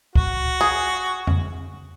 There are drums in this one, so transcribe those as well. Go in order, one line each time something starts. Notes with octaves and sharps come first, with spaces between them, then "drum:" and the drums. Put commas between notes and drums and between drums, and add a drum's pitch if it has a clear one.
F#4, drum: kick C#2
G#4
drum: tom F2